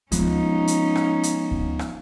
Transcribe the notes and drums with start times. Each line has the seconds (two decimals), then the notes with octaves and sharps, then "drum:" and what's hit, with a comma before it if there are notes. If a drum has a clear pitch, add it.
0.12 F3 G#3 B3 C#4 D#4, drum: kick D2, hi-hat
0.68 drum: hi-hat
0.95 drum: rim click
1.23 drum: hi-hat
1.51 drum: kick D2
1.79 drum: rim click